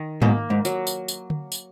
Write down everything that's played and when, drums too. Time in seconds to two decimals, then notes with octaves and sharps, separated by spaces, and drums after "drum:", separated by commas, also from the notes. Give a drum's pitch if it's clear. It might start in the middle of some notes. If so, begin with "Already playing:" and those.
Already playing: D#3
0.22 G#2 B2 A#3, drum: tom G#2
0.50 G#2
0.65 F#3, drum: tambourine
0.87 drum: tambourine
1.08 drum: tambourine
1.30 drum: tom D3
1.52 drum: tambourine